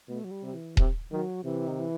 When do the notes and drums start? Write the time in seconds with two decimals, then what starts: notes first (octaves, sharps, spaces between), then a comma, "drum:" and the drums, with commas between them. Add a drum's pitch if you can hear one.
0.08 B2 A3
0.24 F#3
0.31 G3
0.43 C3
0.54 E3
0.77 C3, drum: kick D#1
1.10 D#3 F#3
1.44 C3 E3
1.68 D#3
1.79 E3